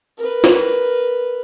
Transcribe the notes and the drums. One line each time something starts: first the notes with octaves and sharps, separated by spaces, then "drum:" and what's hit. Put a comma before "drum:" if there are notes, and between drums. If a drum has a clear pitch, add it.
A#4 B4
drum: snare